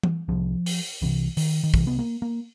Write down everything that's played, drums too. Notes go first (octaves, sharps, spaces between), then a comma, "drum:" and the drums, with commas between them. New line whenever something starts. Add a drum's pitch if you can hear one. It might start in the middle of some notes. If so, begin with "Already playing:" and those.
drum: tom E3
C2 C3 F3
drum: open hi-hat
C2 C3 E3
D#3, drum: open hi-hat
D#3
C2 C3 E3, drum: kick
B3
A#3
A#3